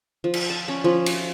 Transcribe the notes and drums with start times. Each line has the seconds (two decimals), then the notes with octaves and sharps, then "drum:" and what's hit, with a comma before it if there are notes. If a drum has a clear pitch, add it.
0.24 F3
0.34 drum: cymbal
0.50 A5
0.68 C#4
0.84 F3
1.06 drum: cymbal